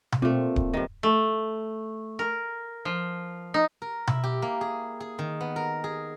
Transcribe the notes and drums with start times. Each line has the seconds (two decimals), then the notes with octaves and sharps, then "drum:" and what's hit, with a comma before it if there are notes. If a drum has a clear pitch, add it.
0.12 drum: tom B2
0.22 A#2 A3 C4
0.56 drum: kick D1
0.74 G2 D#3
1.03 A3
2.19 A#4
2.85 F3
3.54 D#4
3.82 A#4
4.07 E4, drum: tom B2
4.24 G4
4.42 A#3
4.61 G#4
5.00 G#4
5.19 D#3
5.41 B3
5.56 A#4
5.84 G#4